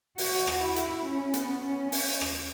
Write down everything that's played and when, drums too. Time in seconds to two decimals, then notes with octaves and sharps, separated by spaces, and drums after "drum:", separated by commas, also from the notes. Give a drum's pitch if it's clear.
0.18 F#4, drum: open hi-hat
0.47 drum: rim click
0.62 E4
0.76 drum: hi-hat
1.05 C#4
1.34 B3, drum: hi-hat
1.64 C#4
1.92 drum: open hi-hat
2.21 drum: rim click